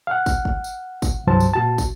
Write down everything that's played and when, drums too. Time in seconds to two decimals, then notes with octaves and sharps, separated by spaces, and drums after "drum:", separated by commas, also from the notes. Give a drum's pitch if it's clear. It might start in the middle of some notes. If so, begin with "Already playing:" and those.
0.07 F5 F#5
0.26 drum: kick, tambourine
0.45 drum: kick
0.64 drum: tambourine
1.02 drum: kick, tambourine
1.27 C2 G2 E3 F#3 C5 A5
1.40 drum: tambourine
1.53 A#2 F#4 A5
1.78 drum: kick, tambourine